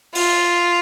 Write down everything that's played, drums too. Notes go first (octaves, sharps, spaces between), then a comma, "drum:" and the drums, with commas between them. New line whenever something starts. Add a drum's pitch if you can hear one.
F4, drum: open hi-hat